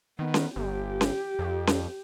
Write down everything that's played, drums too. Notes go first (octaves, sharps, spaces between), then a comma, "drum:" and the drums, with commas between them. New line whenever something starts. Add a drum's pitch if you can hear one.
D#3 B3
drum: snare C#4
G1 G4
drum: snare C#4
F2
drum: snare C#4